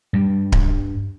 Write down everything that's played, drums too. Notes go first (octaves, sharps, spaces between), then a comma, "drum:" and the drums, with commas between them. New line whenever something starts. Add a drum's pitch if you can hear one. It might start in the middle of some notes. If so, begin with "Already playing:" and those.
G2 G3
drum: kick D1